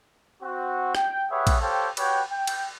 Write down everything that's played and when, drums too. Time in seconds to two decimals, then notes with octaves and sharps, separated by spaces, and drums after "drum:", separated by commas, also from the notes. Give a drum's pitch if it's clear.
0.42 C4 F#4
0.95 G5, drum: rim click
1.30 G4 G#4 B4 C#5 E5 F#5
1.47 drum: kick, cymbal
1.61 G4 A4 C5 C#5 F5 G5
1.97 F#4 G4 B4 C#5 G5, drum: cymbal
2.29 G5
2.47 drum: cymbal